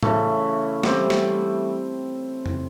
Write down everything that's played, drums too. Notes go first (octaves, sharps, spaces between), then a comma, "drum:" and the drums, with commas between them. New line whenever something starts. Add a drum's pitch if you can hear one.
C#3 E3 A3, drum: tom A2
E3 G3 C4, drum: snare
drum: snare
drum: tom F2